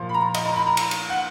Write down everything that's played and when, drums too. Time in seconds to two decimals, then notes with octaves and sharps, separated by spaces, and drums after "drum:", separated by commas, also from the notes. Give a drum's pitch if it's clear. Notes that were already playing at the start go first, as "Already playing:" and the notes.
Already playing: A#2 F3
0.09 B5
0.14 A#5
0.34 D#5, drum: cymbal
0.46 A#5
0.56 B5
0.67 A#5
0.77 drum: cymbal
0.91 drum: cymbal
1.09 F#5